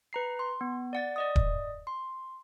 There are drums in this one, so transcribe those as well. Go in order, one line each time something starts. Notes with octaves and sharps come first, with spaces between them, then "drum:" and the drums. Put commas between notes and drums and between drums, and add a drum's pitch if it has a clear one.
B4 A#5 C7
C6
B3
D5 F#5 A6
D5 D#5 D#6
drum: kick D#1
C6